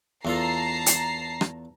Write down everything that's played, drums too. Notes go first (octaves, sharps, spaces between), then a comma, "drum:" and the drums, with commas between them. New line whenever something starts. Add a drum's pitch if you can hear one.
E2 F4 A4 A5 A#5 C7
drum: hi-hat
drum: rim click